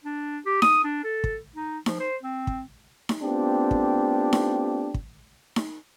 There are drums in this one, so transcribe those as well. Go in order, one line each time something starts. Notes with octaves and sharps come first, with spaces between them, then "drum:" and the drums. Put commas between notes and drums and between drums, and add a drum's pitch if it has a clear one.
D4
G4
D#6, drum: snare D#4
D4
A4
drum: kick
D#4
F3, drum: snare D#4
C5
C4
drum: kick
drum: snare D#4
A3 B3 C4 D4 F4 G4
drum: kick
drum: snare D#4
drum: kick
drum: snare D#4